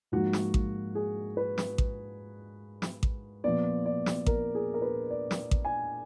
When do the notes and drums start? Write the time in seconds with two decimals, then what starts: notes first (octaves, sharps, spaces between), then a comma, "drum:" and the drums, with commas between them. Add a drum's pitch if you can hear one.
0.12 G#2 F3 A#3 D#4 F#4
0.33 drum: snare
0.54 drum: kick A1
0.95 G#4
1.37 B4
1.58 drum: snare
1.78 drum: kick A1
2.82 drum: snare
3.03 drum: kick A1
3.44 A#2 F3 B3 D5
3.85 D5
4.06 drum: snare
4.26 A#4, drum: kick A1
4.55 G#4
4.74 A#4
4.82 B4
5.10 D5
5.31 drum: snare
5.51 drum: kick A1
5.65 G#5